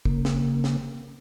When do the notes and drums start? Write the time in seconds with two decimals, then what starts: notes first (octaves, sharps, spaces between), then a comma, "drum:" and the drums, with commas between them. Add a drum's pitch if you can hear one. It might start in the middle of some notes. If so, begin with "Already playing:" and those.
0.05 C#3 A#3, drum: kick
0.25 drum: snare
0.64 drum: snare